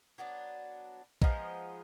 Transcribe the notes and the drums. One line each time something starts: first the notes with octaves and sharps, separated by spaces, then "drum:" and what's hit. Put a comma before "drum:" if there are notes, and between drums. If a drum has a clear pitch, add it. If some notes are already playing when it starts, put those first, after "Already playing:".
F#3 B3 D4
F3 G#3 B3 D#4, drum: kick A#1